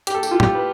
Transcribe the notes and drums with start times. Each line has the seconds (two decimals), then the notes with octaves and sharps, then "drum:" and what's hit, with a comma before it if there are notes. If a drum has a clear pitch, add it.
0.07 G4, drum: hi-hat
0.14 A4
0.23 G4, drum: tambourine
0.31 F4
0.40 G4, drum: tom
0.55 B4